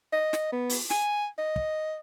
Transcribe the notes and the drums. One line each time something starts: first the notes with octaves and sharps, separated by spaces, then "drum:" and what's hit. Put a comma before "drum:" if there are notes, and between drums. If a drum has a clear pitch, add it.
D#5
drum: snare
B3
drum: open hi-hat
G#5, drum: snare
D#5
drum: kick